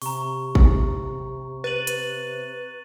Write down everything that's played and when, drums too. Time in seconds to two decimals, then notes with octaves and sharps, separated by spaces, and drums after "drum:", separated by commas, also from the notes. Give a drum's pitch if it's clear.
0.02 C3 A#5 C#6, drum: open hi-hat
0.55 drum: kick G#1
1.64 B4 A6 D#7 F#7
1.87 drum: hi-hat